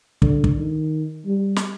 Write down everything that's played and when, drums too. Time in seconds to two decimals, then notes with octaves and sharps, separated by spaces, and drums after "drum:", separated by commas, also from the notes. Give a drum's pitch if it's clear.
0.22 D3, drum: kick
0.44 drum: kick
0.57 D#3
1.25 G3
1.56 drum: snare